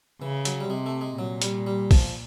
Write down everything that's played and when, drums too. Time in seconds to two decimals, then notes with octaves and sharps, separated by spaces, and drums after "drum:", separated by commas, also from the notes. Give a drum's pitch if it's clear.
0.22 C#3 E3
0.45 F#3, drum: hi-hat
0.60 G3
0.70 C3 G#3
0.86 A3
1.01 G#3
1.18 A#2 F#3
1.42 G3, drum: hi-hat
1.67 G3
1.91 F3, drum: kick, open hi-hat